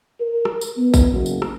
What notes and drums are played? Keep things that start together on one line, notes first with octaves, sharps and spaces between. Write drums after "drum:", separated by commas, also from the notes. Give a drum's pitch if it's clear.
A#4
drum: rim click
drum: tambourine
B3
drum: kick A1, tambourine
F#1
drum: tambourine
drum: rim click